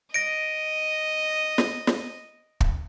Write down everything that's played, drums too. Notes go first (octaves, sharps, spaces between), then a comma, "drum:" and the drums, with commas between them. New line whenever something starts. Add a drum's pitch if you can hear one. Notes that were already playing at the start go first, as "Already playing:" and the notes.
D#5 A#6 D7
drum: snare
drum: snare
drum: kick